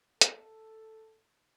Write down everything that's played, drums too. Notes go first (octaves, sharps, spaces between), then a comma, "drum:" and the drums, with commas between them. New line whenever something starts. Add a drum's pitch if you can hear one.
A4, drum: hi-hat